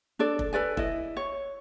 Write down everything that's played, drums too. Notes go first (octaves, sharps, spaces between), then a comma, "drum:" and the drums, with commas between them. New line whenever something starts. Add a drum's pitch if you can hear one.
D4 A4 D5
drum: kick
A4 B4 D5 G#5
E4 D#5, drum: kick
C#5